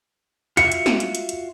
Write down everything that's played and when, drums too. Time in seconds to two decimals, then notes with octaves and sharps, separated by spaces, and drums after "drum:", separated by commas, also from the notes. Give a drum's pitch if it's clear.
0.57 F4 F#4 E5 C#7, drum: hi-hat
0.72 drum: hi-hat
0.86 drum: snare
1.00 drum: hi-hat
1.15 drum: hi-hat
1.29 drum: hi-hat